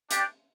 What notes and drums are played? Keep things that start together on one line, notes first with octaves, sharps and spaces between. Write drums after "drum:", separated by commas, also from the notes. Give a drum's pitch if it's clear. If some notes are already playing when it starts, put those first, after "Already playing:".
D4 G4 D5 G5, drum: hi-hat